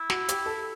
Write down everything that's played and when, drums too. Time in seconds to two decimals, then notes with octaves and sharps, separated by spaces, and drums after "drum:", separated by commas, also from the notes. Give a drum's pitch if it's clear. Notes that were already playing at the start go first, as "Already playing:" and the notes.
Already playing: E4
0.10 F#4, drum: snare
0.29 G4, drum: hi-hat
0.46 A4